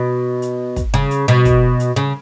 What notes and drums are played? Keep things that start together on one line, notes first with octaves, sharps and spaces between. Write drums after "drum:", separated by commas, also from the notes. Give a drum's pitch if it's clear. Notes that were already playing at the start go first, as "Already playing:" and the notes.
Already playing: B2
drum: hi-hat
drum: kick, hi-hat
C#3
drum: hi-hat
B2
drum: kick, hi-hat
drum: hi-hat
C#3